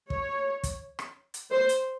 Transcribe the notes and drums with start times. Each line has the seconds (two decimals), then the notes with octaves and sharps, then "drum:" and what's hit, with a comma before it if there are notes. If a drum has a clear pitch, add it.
0.10 C#5, drum: kick
0.63 drum: kick, hi-hat
0.99 drum: rim click
1.34 drum: hi-hat
1.52 C5
1.69 drum: hi-hat